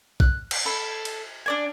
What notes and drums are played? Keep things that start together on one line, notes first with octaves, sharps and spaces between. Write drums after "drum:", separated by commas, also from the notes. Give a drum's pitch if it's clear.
F#6, drum: kick A#1
drum: cymbal
A4 B5
drum: cymbal
D4 D5 G#5